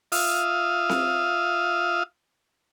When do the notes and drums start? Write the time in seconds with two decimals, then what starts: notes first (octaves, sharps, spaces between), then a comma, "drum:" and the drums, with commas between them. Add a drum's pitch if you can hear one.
0.12 F4 E5 F5 D#6, drum: open hi-hat
0.89 drum: snare C4